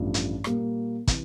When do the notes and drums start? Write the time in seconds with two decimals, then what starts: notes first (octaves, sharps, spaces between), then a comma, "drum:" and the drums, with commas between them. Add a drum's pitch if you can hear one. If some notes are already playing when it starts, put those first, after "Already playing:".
Already playing: A1 G2 F3 A3
0.14 drum: hi-hat
0.44 A#2 G3 A#3, drum: rim click
1.07 C3 E3, drum: kick, hi-hat